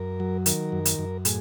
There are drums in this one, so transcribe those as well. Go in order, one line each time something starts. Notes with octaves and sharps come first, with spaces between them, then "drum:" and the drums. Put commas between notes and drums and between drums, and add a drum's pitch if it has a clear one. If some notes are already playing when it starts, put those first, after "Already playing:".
Already playing: F#2 A#4
F#3
D#3 A#4, drum: hi-hat
F#2
drum: hi-hat
F#2
A2 G#4, drum: hi-hat